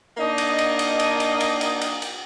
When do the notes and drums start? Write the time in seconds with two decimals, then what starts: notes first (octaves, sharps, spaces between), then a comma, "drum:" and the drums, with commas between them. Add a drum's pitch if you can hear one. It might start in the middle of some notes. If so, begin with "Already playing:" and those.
0.18 A#3 D4 D#4 D#5
0.38 drum: cymbal
0.59 drum: cymbal
0.79 drum: cymbal
1.00 drum: cymbal
1.20 drum: cymbal
1.40 drum: cymbal
1.61 drum: cymbal
1.81 drum: cymbal
2.02 drum: cymbal